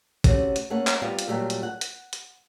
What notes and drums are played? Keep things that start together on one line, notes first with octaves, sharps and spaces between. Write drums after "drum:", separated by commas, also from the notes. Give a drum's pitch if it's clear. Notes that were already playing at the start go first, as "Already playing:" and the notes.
C3 A3 C#4 F#4, drum: kick, hi-hat
drum: hi-hat
A3 A#3 C#4 C#5 F#5
drum: clap
G3 B3 C4 F4
drum: hi-hat
A#2 F#3 G3 A3 A4
drum: hi-hat
F#5
drum: hi-hat
drum: hi-hat